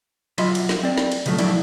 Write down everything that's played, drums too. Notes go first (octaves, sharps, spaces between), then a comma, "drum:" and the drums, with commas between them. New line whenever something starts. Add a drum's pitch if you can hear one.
F#3 F4 D#5 E5 B5 C6, drum: cymbal
drum: cymbal
drum: snare
C4 D5
drum: snare
drum: cymbal
C#3 F3 F#3 A3, drum: cymbal
F3 F#3 D4 E4 D5, drum: cymbal